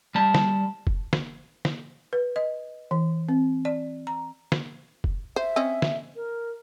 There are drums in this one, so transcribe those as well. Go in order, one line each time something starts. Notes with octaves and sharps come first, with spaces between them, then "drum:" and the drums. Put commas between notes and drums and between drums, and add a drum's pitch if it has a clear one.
G3 A5
drum: snare
drum: kick F1
drum: snare
drum: snare
B4
D#5
E3
C4
D5
A#5
drum: snare
drum: kick F1
C5 E5
C4 C#4 D#5
drum: snare
A#4